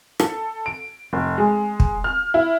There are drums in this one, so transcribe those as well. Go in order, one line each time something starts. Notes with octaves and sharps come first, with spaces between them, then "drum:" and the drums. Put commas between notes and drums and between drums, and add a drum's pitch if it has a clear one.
A4, drum: rim click
D7
F1
G#3
drum: kick
F6
E4